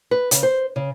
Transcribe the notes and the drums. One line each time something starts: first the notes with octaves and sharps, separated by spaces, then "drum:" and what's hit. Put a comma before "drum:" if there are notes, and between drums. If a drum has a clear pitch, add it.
B4
C#3, drum: hi-hat
C5
C#3